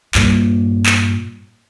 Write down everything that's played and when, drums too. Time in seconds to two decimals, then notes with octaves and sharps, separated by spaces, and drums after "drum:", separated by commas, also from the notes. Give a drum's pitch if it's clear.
0.15 G2 A#2, drum: clap
0.86 drum: clap